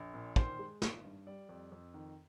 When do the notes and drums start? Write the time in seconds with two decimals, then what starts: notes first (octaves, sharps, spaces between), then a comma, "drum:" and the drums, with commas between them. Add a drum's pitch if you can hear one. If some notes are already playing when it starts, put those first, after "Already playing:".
Already playing: A#1
0.14 A#2
0.36 D#3 C5, drum: kick
0.59 G#3
0.82 G#1, drum: snare
1.04 G2
1.27 G3 D5
1.49 F2
1.72 F2
1.94 D#3